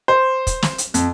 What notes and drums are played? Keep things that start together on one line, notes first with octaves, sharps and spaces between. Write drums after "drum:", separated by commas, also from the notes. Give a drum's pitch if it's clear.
C5
drum: kick, hi-hat
drum: snare
drum: hi-hat
F2, drum: hi-hat